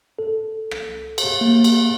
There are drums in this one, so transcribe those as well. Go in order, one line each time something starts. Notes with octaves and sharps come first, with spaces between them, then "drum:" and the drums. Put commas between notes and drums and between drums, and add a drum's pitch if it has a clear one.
A4
drum: rim click
drum: cymbal
A#3
drum: cymbal